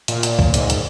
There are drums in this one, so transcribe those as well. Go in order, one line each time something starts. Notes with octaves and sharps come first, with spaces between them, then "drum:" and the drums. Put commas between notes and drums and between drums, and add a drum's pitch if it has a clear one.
A#2, drum: hi-hat
drum: hi-hat
drum: kick
G#2, drum: hi-hat
drum: hi-hat